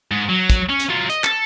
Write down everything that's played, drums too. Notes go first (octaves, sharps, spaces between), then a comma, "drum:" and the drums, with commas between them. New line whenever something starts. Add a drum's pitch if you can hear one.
G#2
F#3
drum: kick, hi-hat
C#4
drum: hi-hat
F#3 F4
D#5, drum: hi-hat
A4, drum: clap